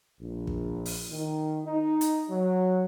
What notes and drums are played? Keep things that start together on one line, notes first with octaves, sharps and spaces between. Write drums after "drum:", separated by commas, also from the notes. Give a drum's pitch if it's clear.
A#1
drum: kick
drum: open hi-hat
D#3
D#4
drum: hi-hat
F#3